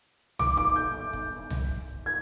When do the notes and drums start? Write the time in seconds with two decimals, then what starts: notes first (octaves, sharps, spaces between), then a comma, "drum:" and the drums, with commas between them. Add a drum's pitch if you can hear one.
0.39 D6, drum: tom C2
0.57 D6, drum: kick
0.76 G6
1.13 drum: kick
1.50 drum: tom C2
1.69 drum: kick
2.06 G#6